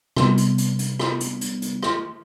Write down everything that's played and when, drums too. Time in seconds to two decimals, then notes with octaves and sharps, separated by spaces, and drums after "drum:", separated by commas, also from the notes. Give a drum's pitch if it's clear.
0.16 C3 G3 B3, drum: rim click
0.37 drum: hi-hat
0.58 drum: hi-hat
0.79 drum: hi-hat
1.00 drum: rim click
1.20 drum: hi-hat
1.41 drum: hi-hat
1.62 drum: hi-hat
1.83 drum: rim click